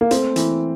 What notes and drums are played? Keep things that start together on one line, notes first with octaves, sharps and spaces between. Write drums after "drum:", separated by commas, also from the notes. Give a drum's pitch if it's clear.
A#3
A3 C4, drum: hi-hat
E3, drum: hi-hat